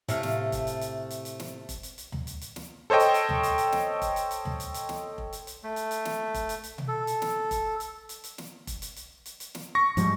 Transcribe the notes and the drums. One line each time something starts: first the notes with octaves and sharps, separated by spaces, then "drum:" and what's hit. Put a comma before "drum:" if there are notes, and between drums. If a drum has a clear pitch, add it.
A2 C3 A3 F5, drum: hi-hat
drum: snare
drum: kick F1, hi-hat
drum: hi-hat
drum: hi-hat
drum: hi-hat
drum: hi-hat
drum: snare
drum: kick F1, hi-hat
drum: hi-hat
drum: hi-hat
drum: tom D2
drum: hi-hat
drum: hi-hat
drum: snare
A4 C5 C#5 D#5 G5
drum: hi-hat
drum: hi-hat
drum: tom D2
drum: hi-hat
drum: hi-hat
drum: snare
drum: kick F1, hi-hat
drum: hi-hat
drum: hi-hat
drum: tom D2
drum: hi-hat
drum: hi-hat
drum: snare
drum: kick F1
drum: hi-hat
drum: hi-hat
A3
drum: hi-hat
drum: hi-hat
drum: snare
drum: kick F1, hi-hat
drum: hi-hat
drum: hi-hat
drum: tom B2
A4
drum: hi-hat
drum: snare
drum: kick F1, hi-hat
drum: hi-hat
drum: hi-hat
drum: hi-hat
drum: snare
drum: kick F1, hi-hat
drum: hi-hat
drum: hi-hat
drum: hi-hat
drum: hi-hat
drum: snare
C#6 A#6
G#2 F3 G3, drum: hi-hat